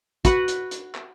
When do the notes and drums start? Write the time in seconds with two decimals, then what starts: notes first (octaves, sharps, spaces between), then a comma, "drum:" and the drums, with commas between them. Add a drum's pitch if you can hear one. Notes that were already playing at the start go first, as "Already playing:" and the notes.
0.25 F#4 B4 F#5, drum: kick, hi-hat
0.48 drum: hi-hat
0.71 drum: hi-hat
0.95 drum: clap